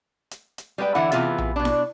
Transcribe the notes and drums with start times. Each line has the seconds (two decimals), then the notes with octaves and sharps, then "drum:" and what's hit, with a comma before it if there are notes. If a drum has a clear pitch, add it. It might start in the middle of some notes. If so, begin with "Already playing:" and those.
0.31 drum: hi-hat
0.58 drum: hi-hat
0.78 G3 G#3 B4 G5
0.95 D3 E3 E4 F#5
1.12 C3 E3 B3 F4 G#4 E5, drum: hi-hat
1.38 drum: tom A#1
1.56 B2 D4
1.65 drum: snare E4